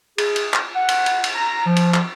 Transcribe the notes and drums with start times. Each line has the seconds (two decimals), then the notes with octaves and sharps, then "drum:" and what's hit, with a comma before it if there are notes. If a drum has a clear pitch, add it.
0.18 G#4, drum: cymbal
0.36 drum: cymbal
0.53 drum: clap
0.76 F#5
0.89 drum: cymbal
1.06 drum: cymbal
1.24 drum: cymbal
1.35 A#5
1.67 F3
1.76 drum: cymbal
1.94 drum: clap